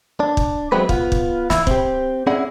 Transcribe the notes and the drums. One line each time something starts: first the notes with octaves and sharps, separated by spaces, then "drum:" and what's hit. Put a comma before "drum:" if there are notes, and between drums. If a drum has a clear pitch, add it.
D4
drum: kick
F#3 G#3 A3 B3 C4 B4
B3 F4, drum: kick
drum: kick
E4, drum: snare
C4 G4, drum: kick
C4 C#4 E4 G#4 D5 F#5